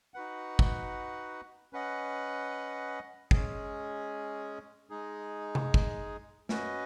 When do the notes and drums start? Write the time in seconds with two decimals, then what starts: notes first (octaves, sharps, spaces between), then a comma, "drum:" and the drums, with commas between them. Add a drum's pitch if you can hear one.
0.14 D#4 F#4 B4 F#5
0.59 drum: kick
1.73 C#4 B4 D#5 F#5
3.31 G#3 C#4 G#4, drum: kick
4.90 G#3 D#4 G#4
5.55 drum: tom C3
5.74 drum: kick
6.49 C#4 F#4 B4 D#5, drum: snare